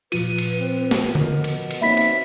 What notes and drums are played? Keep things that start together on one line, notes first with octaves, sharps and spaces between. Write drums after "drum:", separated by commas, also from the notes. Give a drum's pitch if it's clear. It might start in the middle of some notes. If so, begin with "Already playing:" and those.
A#2 F3 F4 B4 D#7, drum: cymbal
drum: cymbal
C4
drum: snare
B2 A#4, drum: tom D3
drum: cymbal
drum: cymbal
A#3 C4 D#4 C#5 E5 B5 B6
drum: cymbal